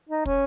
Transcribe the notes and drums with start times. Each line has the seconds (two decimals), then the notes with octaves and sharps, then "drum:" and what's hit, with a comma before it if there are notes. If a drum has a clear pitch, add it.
0.09 D#4
0.25 C#4, drum: kick